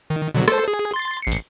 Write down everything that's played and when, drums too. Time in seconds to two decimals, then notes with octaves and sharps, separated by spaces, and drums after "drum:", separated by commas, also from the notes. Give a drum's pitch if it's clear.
0.10 D#3
0.34 B2 D3 F#3
0.48 A4 C5, drum: rim click
0.68 G#4
0.94 C6 A6
1.22 A1 C7 C#7
1.32 drum: hi-hat